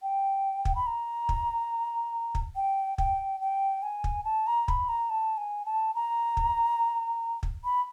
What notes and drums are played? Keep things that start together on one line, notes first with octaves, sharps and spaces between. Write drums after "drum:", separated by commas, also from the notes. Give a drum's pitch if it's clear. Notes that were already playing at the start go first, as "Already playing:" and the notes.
G5
drum: kick
B5
A#5
drum: kick
drum: kick
G5
G5, drum: kick
G5
G#5
drum: kick
A5
A#5
B5, drum: kick
A#5
A5
G#5
A5
A#5
drum: kick
drum: kick
B5